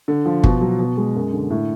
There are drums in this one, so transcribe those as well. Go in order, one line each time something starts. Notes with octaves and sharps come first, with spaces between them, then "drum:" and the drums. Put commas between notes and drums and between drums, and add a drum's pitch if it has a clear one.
D3
F3
B2, drum: kick
F#3
B2
G#3
F#2
D3
A2